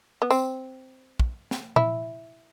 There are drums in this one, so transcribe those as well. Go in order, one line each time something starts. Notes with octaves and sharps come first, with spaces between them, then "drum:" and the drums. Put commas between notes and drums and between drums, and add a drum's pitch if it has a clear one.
B3
C4, drum: tambourine
drum: kick
drum: snare
E4, drum: tom A#2